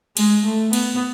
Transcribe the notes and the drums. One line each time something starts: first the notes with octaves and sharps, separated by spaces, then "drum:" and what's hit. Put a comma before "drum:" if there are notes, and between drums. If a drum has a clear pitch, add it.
G#3, drum: cymbal
A3
B3, drum: cymbal